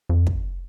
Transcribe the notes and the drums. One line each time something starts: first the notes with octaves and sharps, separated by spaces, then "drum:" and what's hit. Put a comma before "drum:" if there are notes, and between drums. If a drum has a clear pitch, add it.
F2
drum: kick